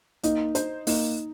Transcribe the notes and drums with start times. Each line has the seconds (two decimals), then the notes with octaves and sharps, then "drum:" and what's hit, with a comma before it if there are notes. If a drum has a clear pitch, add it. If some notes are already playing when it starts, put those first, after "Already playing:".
0.23 A#3 D#4, drum: hi-hat
0.55 D#4 C5, drum: hi-hat
0.87 A#3 D#4, drum: open hi-hat